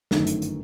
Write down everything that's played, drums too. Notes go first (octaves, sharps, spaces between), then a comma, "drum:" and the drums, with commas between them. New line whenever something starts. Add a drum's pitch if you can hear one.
G1 F#2 D#3 A3 D#4, drum: snare
drum: hi-hat
drum: hi-hat